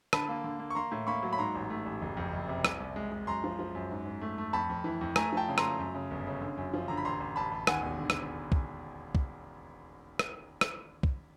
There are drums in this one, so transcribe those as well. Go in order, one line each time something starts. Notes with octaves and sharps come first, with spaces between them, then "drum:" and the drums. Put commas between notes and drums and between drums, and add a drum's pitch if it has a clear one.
D3 A5 B5, drum: rim click
A#3
D3
A#3
C#6
A#3 A#5 C6
A2
A#3 B5 C#6
F#3
B5
G#2 A#5 C6
A1
A3
A1
F#1
F2
F#1
C3
C2, drum: rim click
C2
G#3
G#3
F#2 A#5 C6
F3
F3
F#2
G#2
G#2
A3
A3
F2 A5 B5
F2
E3
F2
A3 G#5 A#5, drum: rim click
F3 G5 A5
C#3
A#5 C6, drum: rim click
A3
F#2
C#3
G1
C#3
D3
F#2
F3
D3 A#5
B5
A1 A#5 C6
A1
A1 A5 B5
A1
D#2 F#5 G#5, drum: rim click
E1
D3
drum: rim click
drum: kick
drum: kick
drum: rim click
drum: rim click
drum: kick